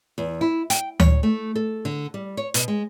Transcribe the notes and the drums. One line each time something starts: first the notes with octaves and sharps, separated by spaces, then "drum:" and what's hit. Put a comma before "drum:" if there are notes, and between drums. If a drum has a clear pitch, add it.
E2
E4
G5, drum: hi-hat
C#5, drum: tom D2
A3
A4
D3
G3
C#5
B2, drum: hi-hat
G#3